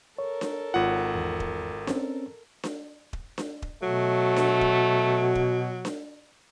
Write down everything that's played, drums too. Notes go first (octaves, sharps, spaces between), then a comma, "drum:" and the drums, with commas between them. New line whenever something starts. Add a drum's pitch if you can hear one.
A4 A#4 C#5
drum: snare D4
G#1 F4 F#5
E2
drum: kick D#1
C4 C#4, drum: snare D4
drum: snare D4
drum: kick D#1
drum: snare D4
drum: kick D#1
B2 F#3 A3
drum: snare D4
drum: kick D#1
drum: kick D#1
drum: snare D4